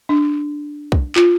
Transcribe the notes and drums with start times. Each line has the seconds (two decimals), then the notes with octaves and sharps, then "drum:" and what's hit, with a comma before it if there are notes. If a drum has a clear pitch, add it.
0.09 D4
0.92 drum: kick
1.16 F4, drum: clap